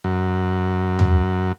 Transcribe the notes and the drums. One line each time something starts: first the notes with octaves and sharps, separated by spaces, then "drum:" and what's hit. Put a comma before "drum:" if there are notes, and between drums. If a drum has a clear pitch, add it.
F#2
drum: tom